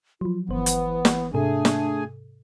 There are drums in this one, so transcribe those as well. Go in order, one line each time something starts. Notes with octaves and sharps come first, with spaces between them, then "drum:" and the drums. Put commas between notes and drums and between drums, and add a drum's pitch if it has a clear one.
F3 F#3 F4
G1 E3 B3 C5
drum: hi-hat
drum: snare
G#2 C3 A3 D4 G#4 A4 G#5
drum: snare